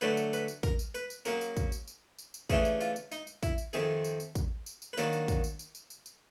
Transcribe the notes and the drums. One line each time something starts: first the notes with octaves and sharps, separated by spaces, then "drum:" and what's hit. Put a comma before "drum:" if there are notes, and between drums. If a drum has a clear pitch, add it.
D3 F#3 A3 D4 B4, drum: tambourine
drum: tambourine
B4, drum: tambourine
drum: tambourine
A#4, drum: kick, tambourine
drum: tambourine
B4, drum: tambourine
drum: tambourine
C#3 F#3 A#3 A#4, drum: tambourine
drum: tambourine
drum: kick, tambourine
drum: tambourine
drum: tambourine
drum: tambourine
drum: tambourine
C#3 E3 A3 D4 G#4, drum: kick, tambourine
drum: tambourine
F4, drum: tambourine
drum: tambourine
D#4, drum: tambourine
drum: tambourine
E4, drum: kick, tambourine
drum: tambourine
F2 C3 D#3 G#4, drum: tambourine
drum: tambourine
drum: tambourine
drum: kick, tambourine
drum: tambourine
drum: tambourine
B4
D#3 F#3 A#3 D4 A#4, drum: tambourine
drum: tambourine
drum: kick, tambourine
drum: tambourine
drum: tambourine
drum: tambourine
drum: tambourine
drum: tambourine